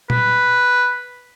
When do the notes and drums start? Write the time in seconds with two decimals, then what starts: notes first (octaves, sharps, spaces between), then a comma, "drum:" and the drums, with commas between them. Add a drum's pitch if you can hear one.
0.10 B4, drum: tom A#2